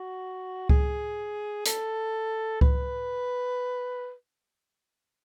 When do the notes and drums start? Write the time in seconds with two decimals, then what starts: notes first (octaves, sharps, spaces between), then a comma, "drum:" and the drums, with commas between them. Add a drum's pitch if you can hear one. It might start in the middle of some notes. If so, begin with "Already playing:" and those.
Already playing: F#4
0.69 G#4, drum: kick C#2
1.66 A4, drum: hi-hat
2.61 B4, drum: kick C#2